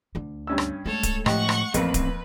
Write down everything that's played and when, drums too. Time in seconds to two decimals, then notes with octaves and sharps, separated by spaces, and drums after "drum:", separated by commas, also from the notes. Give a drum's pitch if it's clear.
0.15 D2 D3
0.47 G2 C#4 E6
0.58 drum: rim click
0.86 G#3 A3 A4 C#5
1.03 drum: kick D1, hi-hat
1.26 A2 F3 G4 D#5 F#5 C#6, drum: rim click
1.49 drum: rim click
1.74 A1 F2 A#3 C4 B4, drum: hi-hat
1.94 drum: kick D1, hi-hat